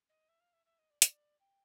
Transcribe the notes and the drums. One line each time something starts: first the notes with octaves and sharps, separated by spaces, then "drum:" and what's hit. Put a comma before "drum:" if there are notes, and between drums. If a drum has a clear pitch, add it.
D#5
E5
F5
E5
E5
D#5
D5
D5, drum: hi-hat
G5